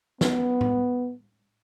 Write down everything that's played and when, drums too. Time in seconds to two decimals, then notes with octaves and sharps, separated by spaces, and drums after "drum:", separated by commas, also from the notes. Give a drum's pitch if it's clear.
0.21 B3, drum: snare
0.61 drum: tom A2